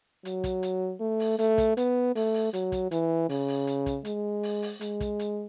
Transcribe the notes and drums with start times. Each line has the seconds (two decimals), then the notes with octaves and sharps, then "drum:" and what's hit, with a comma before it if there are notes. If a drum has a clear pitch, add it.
0.25 F#3, drum: hi-hat
0.44 drum: kick, hi-hat
0.63 drum: hi-hat
1.00 A3
1.20 drum: open hi-hat
1.39 A3, drum: hi-hat
1.58 drum: kick, hi-hat
1.77 B3, drum: hi-hat
2.15 A3, drum: open hi-hat
2.34 drum: open hi-hat
2.53 F#3, drum: hi-hat
2.72 drum: kick, hi-hat
2.91 E3, drum: hi-hat
3.29 C#3, drum: open hi-hat
3.48 drum: open hi-hat
3.67 drum: hi-hat
3.86 drum: kick, hi-hat
4.05 G#3, drum: hi-hat
4.43 drum: open hi-hat
4.62 drum: open hi-hat
4.81 G#3, drum: hi-hat
5.00 drum: kick, hi-hat
5.19 drum: hi-hat